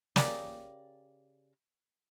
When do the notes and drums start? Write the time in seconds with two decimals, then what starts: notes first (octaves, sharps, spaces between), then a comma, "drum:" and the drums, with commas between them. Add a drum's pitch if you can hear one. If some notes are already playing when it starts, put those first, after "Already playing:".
0.16 C#3 G4 A#4 D5, drum: snare